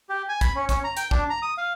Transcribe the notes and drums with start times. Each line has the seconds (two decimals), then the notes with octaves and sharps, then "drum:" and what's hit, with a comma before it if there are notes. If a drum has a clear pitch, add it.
0.09 G4
0.29 G#5
0.41 B5, drum: kick, hi-hat
0.56 C#4
0.69 C#4, drum: kick, hi-hat
0.84 A#5
0.97 G5, drum: hi-hat
1.11 D4, drum: kick
1.30 A#5
1.42 D#6
1.58 F5